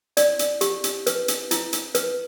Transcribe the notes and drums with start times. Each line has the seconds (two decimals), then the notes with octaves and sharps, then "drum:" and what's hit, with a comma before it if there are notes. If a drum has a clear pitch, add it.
0.17 D5, drum: hi-hat
0.39 drum: hi-hat
0.61 G4, drum: hi-hat
0.84 drum: hi-hat
1.07 B4, drum: hi-hat
1.28 drum: hi-hat
1.51 E4, drum: hi-hat
1.73 drum: hi-hat
1.95 B4, drum: hi-hat